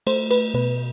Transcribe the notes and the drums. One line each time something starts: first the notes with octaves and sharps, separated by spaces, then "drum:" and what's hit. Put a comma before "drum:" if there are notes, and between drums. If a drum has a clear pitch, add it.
A3 C5, drum: cymbal
B4, drum: cymbal
B2 B4